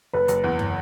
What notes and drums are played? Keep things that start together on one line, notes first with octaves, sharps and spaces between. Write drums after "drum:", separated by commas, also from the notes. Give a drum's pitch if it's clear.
F#1 B4
F#1, drum: hi-hat
E2
drum: tom